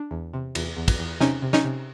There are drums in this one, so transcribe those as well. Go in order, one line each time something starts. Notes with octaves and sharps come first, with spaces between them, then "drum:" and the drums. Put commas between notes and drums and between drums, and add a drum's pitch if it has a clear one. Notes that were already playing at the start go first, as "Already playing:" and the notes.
Already playing: D4
E2
C3
E2, drum: cymbal
E2
drum: kick, cymbal
E2
C3 C#4 D#4, drum: snare
C3
C#4 D#4, drum: snare
C3